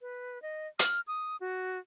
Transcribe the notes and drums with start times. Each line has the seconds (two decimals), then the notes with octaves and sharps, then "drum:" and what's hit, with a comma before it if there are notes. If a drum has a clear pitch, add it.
0.01 B4
0.42 D#5
0.79 F6, drum: hi-hat
1.07 D#6
1.41 F#4